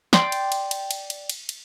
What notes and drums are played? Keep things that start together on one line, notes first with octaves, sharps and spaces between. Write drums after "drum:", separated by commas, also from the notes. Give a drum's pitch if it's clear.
D5 G5 C6, drum: snare
drum: cymbal
drum: cymbal
drum: cymbal
drum: cymbal
drum: cymbal
drum: cymbal
drum: cymbal